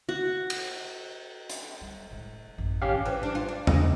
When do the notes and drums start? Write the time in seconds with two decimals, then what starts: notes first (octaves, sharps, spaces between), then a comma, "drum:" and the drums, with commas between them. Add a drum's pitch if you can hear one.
0.09 F#4
0.50 drum: cymbal
1.50 drum: hi-hat
1.81 G3
2.10 A2 G#3
2.58 A1 F#2 A2
2.82 G#2 D#3 C#4 G4 F5
3.06 E3
3.23 D4
3.35 F4
3.49 D4
3.67 D#5, drum: tom E2